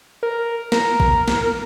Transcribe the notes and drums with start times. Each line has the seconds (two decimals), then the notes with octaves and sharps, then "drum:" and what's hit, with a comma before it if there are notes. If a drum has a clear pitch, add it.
0.23 A#4
0.72 A#4, drum: snare
1.00 drum: kick A#1
1.28 drum: snare